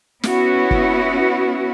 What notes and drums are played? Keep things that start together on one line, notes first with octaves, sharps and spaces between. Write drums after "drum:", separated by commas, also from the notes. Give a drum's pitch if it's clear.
B3 C#4 E4 F#4, drum: snare
drum: kick